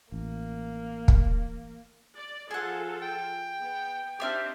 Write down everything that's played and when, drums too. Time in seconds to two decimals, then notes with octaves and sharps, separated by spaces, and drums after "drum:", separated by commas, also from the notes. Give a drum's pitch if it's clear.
0.12 A1 A#3
1.08 drum: kick
2.15 D5
2.51 F3 F4 G#4 A4 F#5
3.02 G5
3.60 B3
4.20 C4 D4 D#4 G4 E5 F6